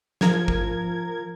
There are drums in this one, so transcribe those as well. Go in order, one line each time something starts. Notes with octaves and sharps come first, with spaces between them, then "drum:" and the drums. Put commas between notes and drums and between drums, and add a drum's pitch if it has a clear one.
F3 A#4 G#6, drum: snare
drum: kick